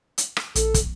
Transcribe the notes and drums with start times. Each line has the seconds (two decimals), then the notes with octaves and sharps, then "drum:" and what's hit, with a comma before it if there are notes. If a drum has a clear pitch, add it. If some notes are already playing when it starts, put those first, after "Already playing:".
0.18 drum: hi-hat
0.37 drum: rim click
0.55 A#1 A4, drum: hi-hat
0.74 drum: kick, hi-hat